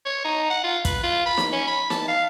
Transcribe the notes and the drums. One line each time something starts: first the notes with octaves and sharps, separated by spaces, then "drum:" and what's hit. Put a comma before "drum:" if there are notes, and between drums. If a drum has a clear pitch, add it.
C#5
D#4
F#5
F4
B4, drum: kick, hi-hat
F4
B5
drum: snare
C#4
B5
A5, drum: snare
F5